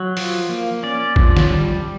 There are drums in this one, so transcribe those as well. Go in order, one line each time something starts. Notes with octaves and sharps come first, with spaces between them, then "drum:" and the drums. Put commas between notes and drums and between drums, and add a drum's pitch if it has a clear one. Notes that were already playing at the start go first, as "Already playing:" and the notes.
Already playing: F#3
F3, drum: open hi-hat
A#3
C#4 D5
F3, drum: kick
drum: snare
G3